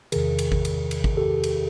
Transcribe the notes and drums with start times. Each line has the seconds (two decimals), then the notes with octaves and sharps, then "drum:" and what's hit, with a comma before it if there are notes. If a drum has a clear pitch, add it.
0.12 E2 C3 D#3 G#4 A#4, drum: cymbal
0.39 drum: cymbal
0.52 drum: kick G#1
0.65 drum: cymbal
0.91 drum: cymbal
1.04 drum: kick G#1
1.17 G4 A4
1.44 drum: cymbal